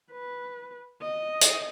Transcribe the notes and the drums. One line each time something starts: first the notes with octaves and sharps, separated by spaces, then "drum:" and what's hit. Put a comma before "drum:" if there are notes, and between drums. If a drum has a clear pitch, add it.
B4
D#5
drum: hi-hat